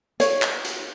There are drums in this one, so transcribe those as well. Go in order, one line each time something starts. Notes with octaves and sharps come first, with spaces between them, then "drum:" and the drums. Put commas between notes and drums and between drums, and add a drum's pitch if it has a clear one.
C#5, drum: hi-hat
drum: clap
drum: hi-hat